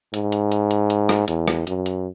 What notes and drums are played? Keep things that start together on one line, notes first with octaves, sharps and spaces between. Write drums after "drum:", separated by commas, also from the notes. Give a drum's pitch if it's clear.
G#2, drum: hi-hat
drum: hi-hat
drum: hi-hat
drum: hi-hat
drum: hi-hat
drum: rim click
E2, drum: hi-hat
drum: rim click
F#2, drum: hi-hat
drum: hi-hat